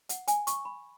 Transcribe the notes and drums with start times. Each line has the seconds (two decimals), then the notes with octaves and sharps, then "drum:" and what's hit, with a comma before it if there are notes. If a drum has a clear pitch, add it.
0.09 F#5, drum: hi-hat
0.28 G#5, drum: hi-hat
0.47 C#6, drum: hi-hat
0.65 B5